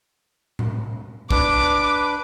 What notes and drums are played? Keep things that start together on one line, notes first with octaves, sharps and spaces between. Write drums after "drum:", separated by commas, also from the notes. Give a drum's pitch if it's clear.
drum: tom A2
D4 B4 D6, drum: kick